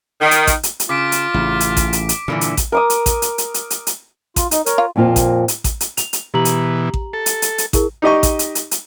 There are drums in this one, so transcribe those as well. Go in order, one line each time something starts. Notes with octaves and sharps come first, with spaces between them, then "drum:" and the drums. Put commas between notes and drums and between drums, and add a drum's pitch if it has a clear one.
D#3
drum: hi-hat
drum: kick A1, hi-hat
drum: hi-hat
drum: hi-hat
C#3 F4 D6 B6 D7
drum: hi-hat
A1 C#3
drum: hi-hat
drum: kick A1, hi-hat
drum: hi-hat
drum: hi-hat
G2 A#2 D3 E3
drum: hi-hat
drum: kick A1, hi-hat
A#4 D6 D#6
drum: hi-hat
drum: kick A1, hi-hat
drum: hi-hat
drum: hi-hat
drum: hi-hat
drum: hi-hat
drum: hi-hat
F4, drum: kick A1, hi-hat
D#4, drum: hi-hat
A#4 C#5, drum: hi-hat
F4
F2 A#2 A#3 F4 C5
drum: kick A1, hi-hat
drum: hi-hat
drum: kick A1, hi-hat
drum: hi-hat
F7, drum: hi-hat
drum: hi-hat
B2 E3 G4 A#5 F#7
drum: hi-hat
drum: kick A1
A4
drum: hi-hat
drum: hi-hat
drum: hi-hat
E4 G#4 A#4, drum: kick A1, hi-hat
D#4 G4 D#5 C#6
drum: kick A1, hi-hat
drum: hi-hat
drum: hi-hat
drum: hi-hat